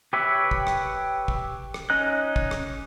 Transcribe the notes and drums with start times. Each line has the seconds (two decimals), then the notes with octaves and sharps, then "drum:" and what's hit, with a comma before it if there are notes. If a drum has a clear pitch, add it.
0.13 G4 B4 C#5 E5
0.51 drum: kick
0.67 drum: rim click
1.28 drum: kick
1.74 drum: rim click
1.90 C#4 D#4 D#5 F#6
2.36 drum: kick
2.51 drum: rim click